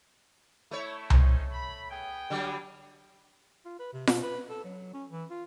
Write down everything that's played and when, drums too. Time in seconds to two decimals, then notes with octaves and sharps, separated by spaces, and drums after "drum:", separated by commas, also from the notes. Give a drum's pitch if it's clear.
0.71 A3 E4 C#5
1.10 C#4 D#4 C5, drum: tom C2
1.51 B5
1.90 B3 G#4 G5
2.30 D3 F#3 G3
3.65 F4
3.79 B4
3.93 C3
4.07 B2, drum: snare F4
4.23 B4
4.49 A4
4.64 F#3
4.94 C#4
5.10 E3
5.30 F4